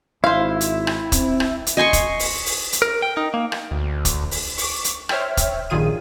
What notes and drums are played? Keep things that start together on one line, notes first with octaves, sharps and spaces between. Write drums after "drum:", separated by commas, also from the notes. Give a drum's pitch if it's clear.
G#1 E4 C5 F5
drum: hi-hat
drum: rim click
C4, drum: kick, hi-hat
drum: rim click
drum: hi-hat
D#5 G#5 C6 C#6
drum: kick, hi-hat
drum: open hi-hat
drum: open hi-hat
drum: hi-hat
A#4
G5
D#4
A#3
drum: rim click
D2
drum: kick, hi-hat
drum: open hi-hat
C#6 D6, drum: open hi-hat
drum: hi-hat
C5 C#5 E5 G5 F6, drum: rim click
drum: kick, hi-hat
A#1 G2 D#3 F4 G#4 D#7